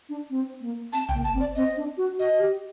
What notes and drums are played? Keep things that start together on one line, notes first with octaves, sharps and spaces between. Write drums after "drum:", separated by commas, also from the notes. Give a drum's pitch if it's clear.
D4
C4
A#3
C4 A5, drum: hi-hat
G5, drum: tom
A#3
A5
C4
D5
C4 D#5
D4
F#4
F#4 D#5
G4